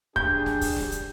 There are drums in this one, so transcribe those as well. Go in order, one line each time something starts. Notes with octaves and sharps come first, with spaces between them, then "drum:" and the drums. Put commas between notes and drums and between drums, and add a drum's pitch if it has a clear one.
D4 G4 G#4 G6, drum: kick
drum: snare
drum: kick, open hi-hat
drum: snare
drum: hi-hat